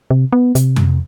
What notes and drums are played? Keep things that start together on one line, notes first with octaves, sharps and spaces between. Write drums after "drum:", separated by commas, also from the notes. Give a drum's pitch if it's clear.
C3
B3
C3, drum: hi-hat
drum: tom F2